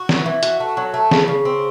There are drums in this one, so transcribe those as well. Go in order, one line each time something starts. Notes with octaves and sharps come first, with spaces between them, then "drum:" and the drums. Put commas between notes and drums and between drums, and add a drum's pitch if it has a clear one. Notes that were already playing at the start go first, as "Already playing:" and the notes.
Already playing: F#4
E3, drum: snare
E3
F#4, drum: hi-hat
A3
F#3
A3
C#3, drum: snare
C#3
C4